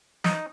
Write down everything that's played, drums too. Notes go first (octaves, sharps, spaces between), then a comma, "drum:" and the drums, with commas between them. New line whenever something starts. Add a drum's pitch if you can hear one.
D#4, drum: snare